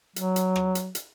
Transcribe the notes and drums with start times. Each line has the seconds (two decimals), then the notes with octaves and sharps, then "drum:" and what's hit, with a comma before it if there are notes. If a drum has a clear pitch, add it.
0.16 F#3, drum: hi-hat
0.36 drum: hi-hat
0.56 drum: rim click
0.75 drum: hi-hat
0.95 drum: hi-hat